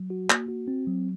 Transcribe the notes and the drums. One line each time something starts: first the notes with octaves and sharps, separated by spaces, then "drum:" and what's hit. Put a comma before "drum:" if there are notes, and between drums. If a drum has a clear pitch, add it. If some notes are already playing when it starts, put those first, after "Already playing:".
Already playing: F#3
F#4
A#3, drum: clap
F#4
C4
F#3